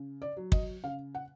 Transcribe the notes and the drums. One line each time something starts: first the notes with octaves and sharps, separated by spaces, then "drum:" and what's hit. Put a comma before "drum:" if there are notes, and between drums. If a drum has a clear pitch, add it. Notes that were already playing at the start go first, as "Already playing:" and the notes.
Already playing: C#3
D5
F#3
D#5, drum: kick
C#3 F5
F#5